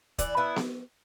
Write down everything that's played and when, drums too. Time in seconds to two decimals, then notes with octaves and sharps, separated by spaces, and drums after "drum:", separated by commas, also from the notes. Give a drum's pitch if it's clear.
0.18 E3 D4, drum: kick, hi-hat
0.37 B3 D4 E4
0.56 drum: snare B3